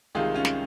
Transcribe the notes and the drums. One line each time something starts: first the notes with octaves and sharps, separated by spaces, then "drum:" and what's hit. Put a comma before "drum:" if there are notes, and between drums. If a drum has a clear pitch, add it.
C2 C3 D#3 G#3 F4 G#4
C#4 F4
drum: snare